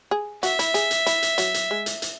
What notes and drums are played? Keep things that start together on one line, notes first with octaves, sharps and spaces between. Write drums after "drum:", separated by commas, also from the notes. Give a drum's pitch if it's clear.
G#4
F#4 E5, drum: hi-hat
E4, drum: hi-hat
G#4, drum: hi-hat
drum: hi-hat
E4, drum: hi-hat
drum: hi-hat
F#3, drum: hi-hat
drum: hi-hat
G#3
drum: hi-hat
drum: hi-hat